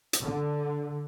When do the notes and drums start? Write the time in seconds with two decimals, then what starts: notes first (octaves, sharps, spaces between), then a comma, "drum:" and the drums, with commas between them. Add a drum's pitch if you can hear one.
0.13 drum: hi-hat
0.23 D3